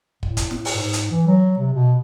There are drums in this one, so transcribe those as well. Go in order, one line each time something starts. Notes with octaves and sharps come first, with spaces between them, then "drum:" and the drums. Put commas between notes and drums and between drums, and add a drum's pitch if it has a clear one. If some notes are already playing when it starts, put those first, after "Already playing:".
A2, drum: kick
drum: kick, hi-hat
drum: snare
drum: open hi-hat
G#2
drum: hi-hat
E3
F#3
C3
B2